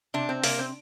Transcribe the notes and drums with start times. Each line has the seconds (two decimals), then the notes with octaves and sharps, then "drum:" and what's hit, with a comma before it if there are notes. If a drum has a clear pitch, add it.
0.14 C3 D4
0.29 C4
0.44 C3 A#3, drum: open hi-hat
0.59 C4